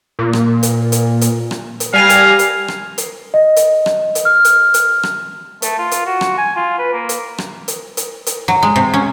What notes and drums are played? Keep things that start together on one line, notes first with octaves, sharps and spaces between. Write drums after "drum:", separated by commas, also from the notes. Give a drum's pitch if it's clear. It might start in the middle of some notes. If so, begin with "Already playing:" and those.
A#2
drum: rim click
drum: hi-hat
drum: hi-hat
drum: hi-hat
drum: rim click
drum: hi-hat
G3 F5 G#5 A#6
drum: hi-hat
drum: hi-hat
drum: rim click
drum: hi-hat
D#5
drum: hi-hat
drum: rim click
drum: hi-hat
F6
drum: hi-hat
drum: hi-hat
drum: rim click
A3, drum: hi-hat
F4
drum: hi-hat
F#4
drum: rim click
G#5
F4
B4
A#3
drum: hi-hat
drum: rim click
drum: hi-hat
drum: hi-hat
drum: hi-hat
F#3
G#3
C3
C#4